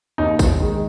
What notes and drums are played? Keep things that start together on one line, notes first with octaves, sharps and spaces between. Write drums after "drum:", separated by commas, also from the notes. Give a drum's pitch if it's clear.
D#2 D#4
drum: kick, tambourine
D#3 G#3